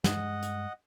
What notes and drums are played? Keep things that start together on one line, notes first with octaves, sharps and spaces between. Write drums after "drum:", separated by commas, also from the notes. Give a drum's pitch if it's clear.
G2 G#3 D#5 F#5, drum: snare
drum: hi-hat